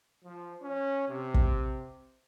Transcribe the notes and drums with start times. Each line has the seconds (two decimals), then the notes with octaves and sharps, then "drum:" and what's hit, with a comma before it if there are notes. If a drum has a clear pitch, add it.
0.24 F3
0.62 C#4
1.09 C3
1.34 drum: kick